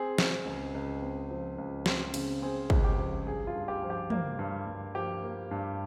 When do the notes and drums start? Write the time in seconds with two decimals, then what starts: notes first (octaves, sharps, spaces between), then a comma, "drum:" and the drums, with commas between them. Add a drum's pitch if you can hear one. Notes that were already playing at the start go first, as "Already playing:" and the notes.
Already playing: C4 G#4
0.18 C4, drum: snare
0.46 C#2
0.74 C#2
1.02 C4
1.31 F3
1.58 C#2
1.86 C4, drum: snare
2.14 C#3, drum: cymbal
2.42 C4 G#4
2.70 C#2, drum: kick
2.84 G4
2.98 F3
3.26 G2 G#4
3.47 F4
3.55 G2
3.68 G4
3.83 F3
3.90 G4
4.10 A#3, drum: tom
4.39 G2
4.67 G2
4.95 F3 G4
5.23 A#3
5.51 G2